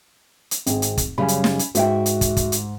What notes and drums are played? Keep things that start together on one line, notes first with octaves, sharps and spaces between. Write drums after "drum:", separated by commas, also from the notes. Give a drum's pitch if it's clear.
drum: hi-hat
G#1 C4 G#4, drum: hi-hat
drum: hi-hat
drum: kick, hi-hat
F#2 C#3 G3 G#5 B5
drum: hi-hat
drum: snare
drum: hi-hat
G#2 F#4 E5 G5, drum: hi-hat
drum: hi-hat
drum: kick, hi-hat
drum: kick, hi-hat
drum: hi-hat